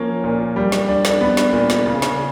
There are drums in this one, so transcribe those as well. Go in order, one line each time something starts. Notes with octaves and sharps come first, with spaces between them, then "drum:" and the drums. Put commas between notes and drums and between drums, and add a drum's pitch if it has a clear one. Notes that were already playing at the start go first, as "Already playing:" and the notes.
Already playing: F3 A#3 C#4
A#2
G3
drum: snare
D4
drum: snare
B3
drum: snare
A#2
drum: snare
C#3
drum: snare